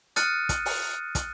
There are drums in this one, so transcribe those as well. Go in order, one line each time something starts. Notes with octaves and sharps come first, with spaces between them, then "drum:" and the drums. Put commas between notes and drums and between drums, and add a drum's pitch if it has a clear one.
D#6 F6 F#6 A6 C#7 D#7, drum: hi-hat
drum: kick, hi-hat
drum: open hi-hat
drum: kick, hi-hat